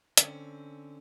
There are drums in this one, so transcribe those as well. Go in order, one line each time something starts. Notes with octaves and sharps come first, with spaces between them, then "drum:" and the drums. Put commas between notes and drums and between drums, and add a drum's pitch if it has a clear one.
D3 C4 C#4, drum: hi-hat